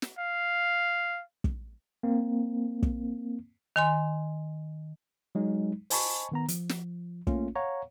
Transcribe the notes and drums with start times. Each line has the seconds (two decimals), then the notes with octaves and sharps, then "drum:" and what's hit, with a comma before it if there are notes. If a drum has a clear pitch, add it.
0.02 drum: snare
0.18 F5
1.44 drum: kick
2.03 A#3 C4
2.83 drum: kick
3.76 D#3 G#5 C6
5.35 F#3 G#3 D#4
5.90 C5 D#5 G#5 A5 B5 C#6, drum: open hi-hat
6.32 D#3 B3 A#5
6.48 F3, drum: hi-hat
6.69 drum: snare
7.27 A3 A#3 C#4 F4, drum: kick
7.55 C#5 F5 F#5 A#5